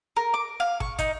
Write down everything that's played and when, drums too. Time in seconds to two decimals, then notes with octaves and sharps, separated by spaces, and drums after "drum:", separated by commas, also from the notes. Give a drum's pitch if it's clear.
0.17 A#4
0.34 D6
0.60 F5
0.80 C#6, drum: kick
0.99 D#4, drum: kick, hi-hat